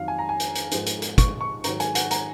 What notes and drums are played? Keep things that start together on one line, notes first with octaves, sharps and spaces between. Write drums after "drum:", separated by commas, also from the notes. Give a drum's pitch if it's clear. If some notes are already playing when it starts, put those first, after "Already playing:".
Already playing: F2 D#3 F#3 F5
G#5
A#5
G#5
drum: hi-hat
drum: hi-hat
G#2 F3 G#3, drum: hi-hat
drum: hi-hat
drum: hi-hat
C#6, drum: kick, hi-hat
C#6
G#2 D#3 F#3 A#5, drum: hi-hat
G#5, drum: hi-hat
F#5, drum: hi-hat
A#5, drum: hi-hat